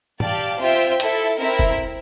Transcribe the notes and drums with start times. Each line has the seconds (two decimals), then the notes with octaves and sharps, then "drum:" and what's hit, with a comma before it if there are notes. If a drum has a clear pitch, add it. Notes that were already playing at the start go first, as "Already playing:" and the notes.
0.20 G4 D5 F5 A5, drum: tom G#2
0.59 C4 F4 C5 E5 G5
1.00 E4 A4 E5, drum: hi-hat
1.38 C4 E4 A#4 E5
1.59 drum: kick